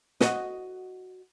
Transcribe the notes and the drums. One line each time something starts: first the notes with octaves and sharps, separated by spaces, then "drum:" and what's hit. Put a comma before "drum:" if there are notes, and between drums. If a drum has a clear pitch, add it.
F#4 D#5, drum: snare